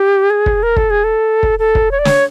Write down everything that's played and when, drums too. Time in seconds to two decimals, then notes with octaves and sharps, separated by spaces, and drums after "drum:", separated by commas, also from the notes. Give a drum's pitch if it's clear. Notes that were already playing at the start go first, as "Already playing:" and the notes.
Already playing: G4
0.30 G#4
0.46 drum: kick
0.63 A#4
0.77 A4, drum: kick
0.90 G#4
1.04 A4
1.43 drum: kick
1.59 A4
1.75 drum: kick
1.91 C#5
1.99 D5
2.05 C#5, drum: snare